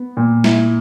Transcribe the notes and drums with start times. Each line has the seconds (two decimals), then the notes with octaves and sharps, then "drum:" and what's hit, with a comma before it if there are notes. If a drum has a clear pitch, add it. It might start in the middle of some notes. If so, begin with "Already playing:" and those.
Already playing: B3
0.17 A#2
0.44 E4, drum: snare